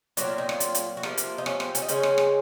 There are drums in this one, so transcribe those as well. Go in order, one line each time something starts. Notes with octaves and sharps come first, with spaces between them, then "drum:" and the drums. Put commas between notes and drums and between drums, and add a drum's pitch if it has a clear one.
A#2 F#3 C4 F#4, drum: hi-hat
F4
D#4
F4, drum: rim click
drum: hi-hat
drum: hi-hat
F#4
C3 F3 A#3 F4, drum: rim click
drum: hi-hat
D#4
C#4, drum: rim click
C4, drum: rim click
C#4, drum: hi-hat
D#4
C#3 G#3 C4 C#4, drum: hi-hat
drum: rim click
drum: rim click